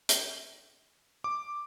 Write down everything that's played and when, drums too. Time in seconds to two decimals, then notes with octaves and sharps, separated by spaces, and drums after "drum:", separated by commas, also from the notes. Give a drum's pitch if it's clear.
0.09 drum: hi-hat
1.24 D6